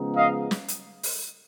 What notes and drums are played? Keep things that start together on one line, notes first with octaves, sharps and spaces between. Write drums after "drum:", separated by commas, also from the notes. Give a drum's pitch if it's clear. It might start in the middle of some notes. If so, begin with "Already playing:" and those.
Already playing: C#3 F3 G#3 B3 D#4
D#5 F5
drum: snare
drum: hi-hat
drum: open hi-hat